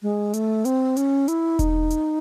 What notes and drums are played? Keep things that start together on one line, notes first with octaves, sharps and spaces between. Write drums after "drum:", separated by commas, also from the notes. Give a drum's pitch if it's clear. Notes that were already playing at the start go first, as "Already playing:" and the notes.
G#3
A3, drum: hi-hat
C4, drum: hi-hat
C#4, drum: hi-hat
E4, drum: hi-hat
D#4, drum: kick E1, hi-hat
drum: hi-hat